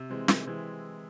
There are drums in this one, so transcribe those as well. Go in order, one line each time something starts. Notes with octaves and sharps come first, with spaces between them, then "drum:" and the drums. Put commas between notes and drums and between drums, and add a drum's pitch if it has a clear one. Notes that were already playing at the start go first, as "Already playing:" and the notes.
Already playing: C3
E3 G#3 C4
C3, drum: snare
E3 G#3 C4